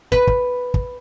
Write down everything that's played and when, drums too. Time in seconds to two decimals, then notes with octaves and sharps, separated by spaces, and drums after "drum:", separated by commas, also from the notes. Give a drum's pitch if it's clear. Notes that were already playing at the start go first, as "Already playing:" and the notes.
0.12 B4, drum: kick
0.27 drum: kick
0.74 drum: kick